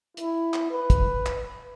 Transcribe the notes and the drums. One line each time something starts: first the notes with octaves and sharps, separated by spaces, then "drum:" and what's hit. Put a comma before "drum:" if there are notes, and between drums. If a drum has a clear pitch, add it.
E4, drum: hi-hat
drum: clap
B4
drum: kick, hi-hat
drum: clap